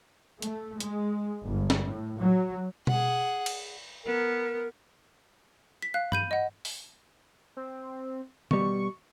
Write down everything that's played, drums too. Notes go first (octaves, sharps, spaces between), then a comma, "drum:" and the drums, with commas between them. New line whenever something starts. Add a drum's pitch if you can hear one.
A3, drum: hi-hat
G#3, drum: hi-hat
G1
drum: snare
A2
F#3
G#4 F#5, drum: tom B2
drum: cymbal
B3 A#4
B6
F5 F#6
B5 G6 D#7, drum: tom
D#5 F#5
drum: open hi-hat
C4
B2 G3 C#6, drum: tom